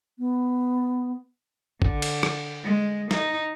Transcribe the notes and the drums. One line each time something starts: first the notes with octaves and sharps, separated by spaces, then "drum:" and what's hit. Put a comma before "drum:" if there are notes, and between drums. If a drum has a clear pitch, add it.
B3
D3, drum: kick
drum: cymbal
drum: rim click
G#3
D#4, drum: snare